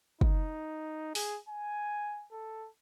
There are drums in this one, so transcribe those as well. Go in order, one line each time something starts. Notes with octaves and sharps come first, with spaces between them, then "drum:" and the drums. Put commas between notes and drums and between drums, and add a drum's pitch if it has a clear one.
D#4, drum: kick
G#4, drum: open hi-hat
G#5
A4